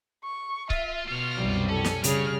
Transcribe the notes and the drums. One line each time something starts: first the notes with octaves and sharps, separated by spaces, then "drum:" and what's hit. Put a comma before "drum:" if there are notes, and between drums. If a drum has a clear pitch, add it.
C#6
F4 E5, drum: kick C#1
B2 F4 C#5 F6
C2 F#2 G3
C#4 A4
drum: snare
G#2 C#3 G3 G#4 C#5 F6, drum: hi-hat